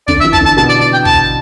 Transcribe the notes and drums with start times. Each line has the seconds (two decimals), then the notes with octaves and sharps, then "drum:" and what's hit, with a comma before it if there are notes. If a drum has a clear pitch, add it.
0.08 D3 D5, drum: kick
0.21 E5
0.24 E3
0.33 A5, drum: kick
0.41 D3
0.45 A5
0.57 B2 A5
0.69 D5
0.81 D5
0.94 G5
1.05 A5, drum: kick